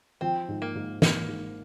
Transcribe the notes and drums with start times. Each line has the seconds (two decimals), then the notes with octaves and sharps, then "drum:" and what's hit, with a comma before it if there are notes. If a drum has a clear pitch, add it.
0.21 F3 C4
0.49 G#2
0.62 A#3
0.75 G#2
1.02 G#1 A#3, drum: snare
1.28 G#2